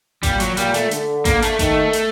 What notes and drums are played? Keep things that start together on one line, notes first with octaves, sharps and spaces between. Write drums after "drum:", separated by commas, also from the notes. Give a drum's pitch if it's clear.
A#2 G3, drum: kick G#1, hi-hat
F#3, drum: hi-hat
A#2 G3, drum: hi-hat
A3, drum: hi-hat
D3, drum: hi-hat
A#3, drum: kick G#1, hi-hat
A3, drum: hi-hat
D#3 A3, drum: kick G#1, hi-hat
drum: hi-hat